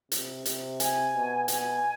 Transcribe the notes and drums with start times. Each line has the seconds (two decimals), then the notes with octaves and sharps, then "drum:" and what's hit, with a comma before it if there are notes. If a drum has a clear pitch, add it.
0.12 C3, drum: hi-hat
0.45 C3, drum: hi-hat
0.80 G#5, drum: hi-hat
1.14 B2
1.48 B2 G#5, drum: hi-hat